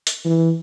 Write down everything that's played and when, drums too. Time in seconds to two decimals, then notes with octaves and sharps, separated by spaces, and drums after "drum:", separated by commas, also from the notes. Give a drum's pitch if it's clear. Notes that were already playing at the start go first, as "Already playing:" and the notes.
0.07 drum: hi-hat
0.25 E3